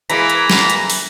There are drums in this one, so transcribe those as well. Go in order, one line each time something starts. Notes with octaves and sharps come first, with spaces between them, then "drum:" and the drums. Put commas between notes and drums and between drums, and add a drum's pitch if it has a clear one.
E3 G#3 A#3 A#5 B5, drum: hi-hat
drum: hi-hat
drum: snare
drum: hi-hat
drum: open hi-hat